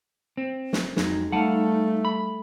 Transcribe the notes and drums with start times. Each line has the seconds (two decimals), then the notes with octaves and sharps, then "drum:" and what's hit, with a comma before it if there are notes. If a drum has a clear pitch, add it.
0.37 C4
0.73 drum: snare
0.97 F2 F#3 G#3 D#4, drum: snare
1.32 G3 A3 F5 F#5 A5
2.05 B5